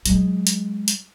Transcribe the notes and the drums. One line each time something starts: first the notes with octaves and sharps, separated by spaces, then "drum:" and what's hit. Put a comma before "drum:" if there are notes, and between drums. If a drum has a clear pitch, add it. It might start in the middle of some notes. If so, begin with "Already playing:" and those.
F#3 G#3, drum: hi-hat
drum: hi-hat
drum: hi-hat